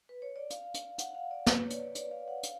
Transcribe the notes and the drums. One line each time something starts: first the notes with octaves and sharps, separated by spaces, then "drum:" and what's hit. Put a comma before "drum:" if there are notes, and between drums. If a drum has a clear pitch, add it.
B4
C#5
D5
F5, drum: hi-hat
drum: hi-hat
F#5, drum: hi-hat
F5
D5
B4, drum: snare
C#5
D5, drum: hi-hat
D5, drum: hi-hat
F5
F#5
F5, drum: hi-hat